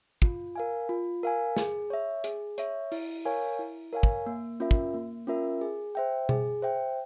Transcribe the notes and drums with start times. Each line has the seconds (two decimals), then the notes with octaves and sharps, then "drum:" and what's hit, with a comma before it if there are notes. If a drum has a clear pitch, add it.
0.22 F4, drum: kick
0.56 A#4 F5 G#5
0.89 F4
1.23 A#4 F5 G#5
1.57 G#4, drum: snare
1.90 C#5 E5
2.24 G#4, drum: hi-hat
2.58 C#5 E5, drum: hi-hat
2.92 E4, drum: open hi-hat
3.25 A#4 C#5 F5 G#5
3.59 E4
3.93 A#4 C#5 F5 G#5
4.03 drum: kick
4.26 A#3
4.60 C#4 F4 A#4 E5
4.71 drum: kick
4.94 A#3
5.27 C#4 F4 A#4 E5
5.61 G#4
5.95 C5 E5 G5
6.29 G#4, drum: tom B2
6.62 C5 E5 G5